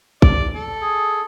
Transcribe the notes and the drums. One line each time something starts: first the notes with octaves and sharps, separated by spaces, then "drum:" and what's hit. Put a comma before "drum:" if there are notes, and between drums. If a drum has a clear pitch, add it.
D5, drum: kick
A4
G#4